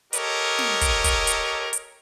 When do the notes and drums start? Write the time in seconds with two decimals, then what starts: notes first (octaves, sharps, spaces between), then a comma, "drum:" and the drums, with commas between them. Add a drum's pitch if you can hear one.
0.13 G4 A4 A#4 C#5 D#5, drum: hi-hat
0.59 drum: snare
0.81 drum: kick, hi-hat
1.04 drum: kick, hi-hat
1.27 drum: hi-hat
1.73 drum: hi-hat